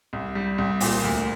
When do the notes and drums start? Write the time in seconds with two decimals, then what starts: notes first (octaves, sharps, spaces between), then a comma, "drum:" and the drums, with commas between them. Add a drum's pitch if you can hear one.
0.13 C2
0.35 G3
0.58 C2
0.80 A#2, drum: open hi-hat
1.03 D2